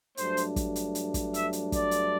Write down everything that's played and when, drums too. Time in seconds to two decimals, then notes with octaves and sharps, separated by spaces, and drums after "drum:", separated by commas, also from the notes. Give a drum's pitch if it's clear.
0.17 G2 F#3 A3 D4 C5, drum: hi-hat
0.37 drum: hi-hat
0.56 drum: kick, hi-hat
0.76 drum: hi-hat
0.95 drum: hi-hat
1.14 drum: kick, hi-hat
1.34 E5, drum: hi-hat
1.53 drum: hi-hat
1.72 D5, drum: kick, hi-hat
1.91 drum: hi-hat